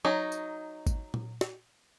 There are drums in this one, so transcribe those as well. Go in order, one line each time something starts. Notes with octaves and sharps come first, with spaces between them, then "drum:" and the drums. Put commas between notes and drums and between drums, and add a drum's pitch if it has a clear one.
F#3 D#4
drum: tambourine
drum: kick G#1, tambourine
drum: tom A#2
drum: snare